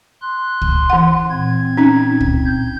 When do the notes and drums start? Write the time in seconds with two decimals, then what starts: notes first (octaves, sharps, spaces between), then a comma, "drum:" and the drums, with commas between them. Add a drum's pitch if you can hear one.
0.22 C6 F#6
0.62 drum: kick
0.90 E3 F#5
1.30 A#2 C4 G#6
1.77 C#4 D#4 A#5
2.21 drum: kick
2.45 G6